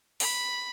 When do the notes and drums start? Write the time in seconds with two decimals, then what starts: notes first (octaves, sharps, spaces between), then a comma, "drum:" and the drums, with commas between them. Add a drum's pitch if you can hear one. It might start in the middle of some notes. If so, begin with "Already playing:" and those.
0.20 B5, drum: open hi-hat